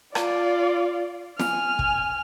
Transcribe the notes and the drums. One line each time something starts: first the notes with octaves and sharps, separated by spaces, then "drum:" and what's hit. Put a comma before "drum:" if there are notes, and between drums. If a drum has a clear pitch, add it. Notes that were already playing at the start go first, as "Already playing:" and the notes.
F4 D5, drum: rim click
G#5 F6, drum: snare
drum: kick